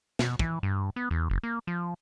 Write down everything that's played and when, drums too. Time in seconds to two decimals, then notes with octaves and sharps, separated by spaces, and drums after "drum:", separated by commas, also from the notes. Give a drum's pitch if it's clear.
0.19 B2, drum: snare
0.39 E3, drum: kick
0.63 G2
0.96 B3
1.11 E2
1.30 F#1
1.43 A#3
1.67 F3